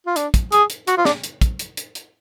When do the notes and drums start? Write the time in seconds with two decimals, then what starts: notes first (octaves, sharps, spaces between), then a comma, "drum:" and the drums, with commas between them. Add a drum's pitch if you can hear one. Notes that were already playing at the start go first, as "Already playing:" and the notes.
0.07 F4
0.16 D4, drum: hi-hat
0.34 drum: kick, hi-hat
0.52 G#4, drum: hi-hat
0.70 drum: hi-hat
0.87 F#4, drum: hi-hat
0.98 F4
1.05 D4, drum: snare
1.24 drum: hi-hat
1.41 drum: kick, hi-hat
1.59 drum: hi-hat
1.77 drum: hi-hat
1.95 drum: hi-hat